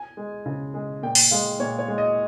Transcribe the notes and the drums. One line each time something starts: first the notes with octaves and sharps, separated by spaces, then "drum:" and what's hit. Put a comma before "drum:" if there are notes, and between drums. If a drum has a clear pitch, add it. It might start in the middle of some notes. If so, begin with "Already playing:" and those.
Already playing: G#5
G#3
C#3
G#3
A#2 G5
drum: open hi-hat
G#3 F5
A#2 C#5
C#5
G#3
D#5